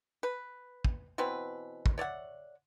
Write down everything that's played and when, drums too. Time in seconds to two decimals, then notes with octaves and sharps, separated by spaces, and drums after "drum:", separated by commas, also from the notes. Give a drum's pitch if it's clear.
0.23 B4
0.85 drum: kick
1.18 B2 E3 C4 B4
1.86 drum: kick
1.98 C#5 D5 E5 F#5